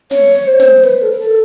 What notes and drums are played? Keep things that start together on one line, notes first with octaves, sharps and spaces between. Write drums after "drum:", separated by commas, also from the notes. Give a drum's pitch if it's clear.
C#5, drum: snare
drum: hi-hat
C5
drum: snare
B4, drum: hi-hat
A4
A#4
A4